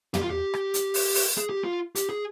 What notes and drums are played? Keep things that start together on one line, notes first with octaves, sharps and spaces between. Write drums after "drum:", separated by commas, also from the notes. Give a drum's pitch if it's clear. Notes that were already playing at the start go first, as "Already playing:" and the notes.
G4, drum: tom
F4
G4
drum: rim click
drum: hi-hat
drum: open hi-hat
drum: open hi-hat
G#4
G4
F4
G4, drum: hi-hat
G#4